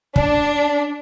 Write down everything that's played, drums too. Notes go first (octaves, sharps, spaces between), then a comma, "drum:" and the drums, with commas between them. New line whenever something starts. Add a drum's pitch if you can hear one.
D4, drum: kick